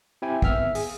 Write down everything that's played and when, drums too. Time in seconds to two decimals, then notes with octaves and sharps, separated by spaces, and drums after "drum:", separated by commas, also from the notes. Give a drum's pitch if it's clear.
0.22 C4 E4 G4 G5 G#5
0.42 G#1 B3 E5 F6, drum: kick
0.75 G#4, drum: open hi-hat